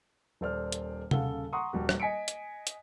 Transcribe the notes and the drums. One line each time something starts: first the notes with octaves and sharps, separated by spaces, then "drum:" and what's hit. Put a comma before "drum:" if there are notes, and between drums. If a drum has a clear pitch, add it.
D#1 A4 C5 D5 F6
drum: hi-hat
D#1 C#3 A4 F5 F#5 G7, drum: tom C3
F#5 A#5 C6 C#6 D#6
D#1 G3 F#4
drum: rim click
D#5 G#5 B6 C#7 D7
drum: hi-hat
drum: hi-hat